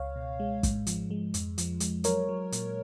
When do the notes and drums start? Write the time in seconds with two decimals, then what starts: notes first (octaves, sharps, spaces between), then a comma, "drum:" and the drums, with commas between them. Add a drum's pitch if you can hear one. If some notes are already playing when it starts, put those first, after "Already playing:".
Already playing: C#2 C#5 F5
0.16 B2
0.40 G#3
0.63 G#2, drum: kick, hi-hat
0.87 F3, drum: hi-hat
1.11 G#3
1.34 F2, drum: hi-hat
1.58 F3, drum: hi-hat
1.80 G#3, drum: hi-hat
2.04 F#3 A#4 C#5, drum: hi-hat
2.29 F#3
2.52 A#2, drum: hi-hat